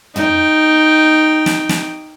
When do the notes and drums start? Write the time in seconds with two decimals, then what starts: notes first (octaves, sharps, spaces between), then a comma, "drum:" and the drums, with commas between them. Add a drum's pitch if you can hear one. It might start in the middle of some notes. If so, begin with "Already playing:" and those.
0.16 D#4 G5, drum: tom
1.46 drum: snare
1.69 drum: snare